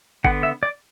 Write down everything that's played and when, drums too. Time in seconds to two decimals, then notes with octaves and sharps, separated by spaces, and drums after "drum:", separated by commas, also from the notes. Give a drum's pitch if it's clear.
0.24 D3 B3 F#5, drum: kick G1
0.43 E5
0.63 D5